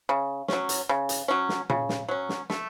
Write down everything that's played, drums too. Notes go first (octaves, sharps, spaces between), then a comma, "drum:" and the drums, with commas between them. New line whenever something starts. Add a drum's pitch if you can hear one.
C#3
F#3 C#4, drum: snare
drum: hi-hat
C#3
drum: hi-hat
F#3 C#4
drum: snare
C#3, drum: tom A#2
drum: snare
F#3 C#4
drum: snare
A3, drum: snare